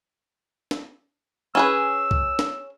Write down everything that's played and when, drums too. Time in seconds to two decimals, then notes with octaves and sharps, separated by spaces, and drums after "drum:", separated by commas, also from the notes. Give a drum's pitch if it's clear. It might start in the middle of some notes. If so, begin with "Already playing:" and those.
0.71 drum: snare
1.55 C#4 G#4 B4 E6
2.11 drum: kick
2.39 drum: snare